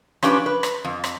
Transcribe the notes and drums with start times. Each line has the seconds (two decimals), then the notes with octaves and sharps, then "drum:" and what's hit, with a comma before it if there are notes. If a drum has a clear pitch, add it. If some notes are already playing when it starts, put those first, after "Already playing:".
0.23 F3 C#4 D4 G4 B4, drum: rim click
0.46 B4
0.63 drum: rim click
0.85 F2
1.04 drum: rim click